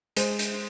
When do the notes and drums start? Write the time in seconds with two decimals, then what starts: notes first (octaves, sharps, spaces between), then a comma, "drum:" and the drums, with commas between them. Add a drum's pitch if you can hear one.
0.17 G#3 C5, drum: hi-hat
0.39 drum: hi-hat